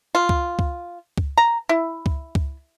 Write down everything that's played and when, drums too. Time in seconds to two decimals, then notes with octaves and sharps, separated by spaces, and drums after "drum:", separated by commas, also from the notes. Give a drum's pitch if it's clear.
0.15 F4
0.29 drum: kick C#2
0.59 drum: kick C#2
1.18 drum: kick C#2
1.38 A#5
1.69 E4
2.06 drum: kick C#2
2.35 drum: kick C#2